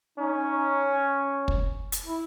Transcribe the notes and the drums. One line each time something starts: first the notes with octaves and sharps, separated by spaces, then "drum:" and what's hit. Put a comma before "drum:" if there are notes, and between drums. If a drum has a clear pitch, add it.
C#4 D#4
drum: kick
drum: hi-hat
E4